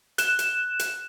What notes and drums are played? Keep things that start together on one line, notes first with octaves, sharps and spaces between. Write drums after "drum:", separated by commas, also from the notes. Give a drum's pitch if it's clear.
F#6 E7, drum: hi-hat
drum: hi-hat
drum: hi-hat